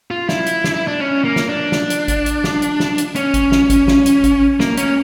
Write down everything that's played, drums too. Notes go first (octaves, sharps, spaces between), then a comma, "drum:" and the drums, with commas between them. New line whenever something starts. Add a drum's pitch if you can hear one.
F4
E4, drum: snare
drum: hi-hat
drum: snare
E4
D4
C#4
A#3
drum: snare
D4
drum: snare
drum: hi-hat
drum: kick A1, hi-hat
drum: hi-hat
drum: snare
drum: hi-hat
drum: snare
drum: hi-hat
C#4, drum: hi-hat
drum: kick A1, hi-hat
drum: snare
drum: kick A1, hi-hat
drum: snare
drum: hi-hat
drum: kick A1, hi-hat
A#3, drum: snare
C#4, drum: hi-hat